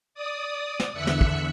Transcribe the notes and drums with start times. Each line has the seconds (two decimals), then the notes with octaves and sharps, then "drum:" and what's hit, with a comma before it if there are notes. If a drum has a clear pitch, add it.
0.14 D5 D#6
0.80 drum: snare
0.93 E2 D3 E5 E6 F#6 C#7
1.07 drum: snare
1.21 drum: kick